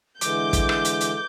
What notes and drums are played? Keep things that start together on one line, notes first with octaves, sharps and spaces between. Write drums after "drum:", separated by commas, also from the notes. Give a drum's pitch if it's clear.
D3 E3 G#3 D6 G6, drum: hi-hat
drum: kick, hi-hat
drum: rim click
drum: hi-hat
drum: hi-hat